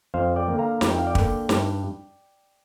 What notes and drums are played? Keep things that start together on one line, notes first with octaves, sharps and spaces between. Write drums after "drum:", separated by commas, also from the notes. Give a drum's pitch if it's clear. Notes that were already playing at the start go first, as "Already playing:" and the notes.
F2 C5 F5
D5 G5
D3 A#3
F5 A#5
F2 A#5, drum: snare
G5
F5
D5 G5
D3 A#3, drum: kick
G2, drum: snare